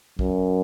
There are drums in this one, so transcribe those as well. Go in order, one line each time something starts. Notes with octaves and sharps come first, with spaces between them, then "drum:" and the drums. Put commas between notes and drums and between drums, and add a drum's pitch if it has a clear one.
F#2, drum: kick